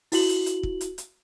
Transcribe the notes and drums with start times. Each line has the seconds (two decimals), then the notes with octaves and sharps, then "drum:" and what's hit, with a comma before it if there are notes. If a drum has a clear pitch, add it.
0.12 E4 F#4 F#7, drum: open hi-hat
0.29 drum: hi-hat
0.46 drum: hi-hat
0.63 drum: kick
0.81 drum: hi-hat
0.98 drum: hi-hat